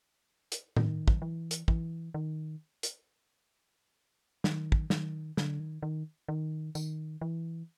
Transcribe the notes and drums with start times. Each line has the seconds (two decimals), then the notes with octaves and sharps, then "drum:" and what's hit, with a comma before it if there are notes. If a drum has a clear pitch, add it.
0.52 drum: hi-hat
0.77 D#3, drum: tom A2
1.08 drum: kick
1.22 E3
1.51 drum: hi-hat
1.68 E3, drum: kick
2.14 D#3
2.83 drum: hi-hat
4.44 D#3, drum: snare
4.72 drum: kick
4.90 D#3, drum: snare
5.37 D3, drum: snare
5.60 D#3
5.83 D#3
6.28 D#3
6.75 D#3, drum: tambourine
7.21 E3